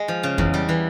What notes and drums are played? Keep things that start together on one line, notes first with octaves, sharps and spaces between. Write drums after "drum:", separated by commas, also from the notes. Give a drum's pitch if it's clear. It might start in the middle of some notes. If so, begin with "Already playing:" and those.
Already playing: G#3
F3
C#3
E2, drum: kick F2
G3
E3